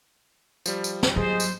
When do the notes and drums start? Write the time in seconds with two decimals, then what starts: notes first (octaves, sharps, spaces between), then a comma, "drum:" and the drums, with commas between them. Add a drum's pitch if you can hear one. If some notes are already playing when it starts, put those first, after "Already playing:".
0.66 F3 G3, drum: tambourine
0.84 drum: tambourine
1.03 drum: snare
1.16 F#3 G#4 C5 D#5
1.40 drum: tambourine